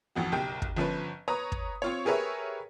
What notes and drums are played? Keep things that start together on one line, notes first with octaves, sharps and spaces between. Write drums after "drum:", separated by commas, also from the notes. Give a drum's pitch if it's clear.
A1 F2 F#4
F#1 B1 G4 G5
drum: kick
G1 F3 C#4 B4
B4 C#5 A#5 D#6
drum: kick
C4 F4 C#5
G4 G#4 A#4 B4 C#5 E5